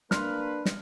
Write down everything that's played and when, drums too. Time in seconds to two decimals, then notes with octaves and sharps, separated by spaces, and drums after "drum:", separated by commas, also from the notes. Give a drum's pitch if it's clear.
0.11 A#3 D4 B4 C6 F6, drum: snare
0.66 drum: snare